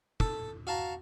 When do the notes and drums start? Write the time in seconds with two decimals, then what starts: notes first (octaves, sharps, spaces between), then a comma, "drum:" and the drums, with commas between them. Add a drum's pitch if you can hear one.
0.20 A4, drum: kick
0.67 F#4 F5 A5 A#5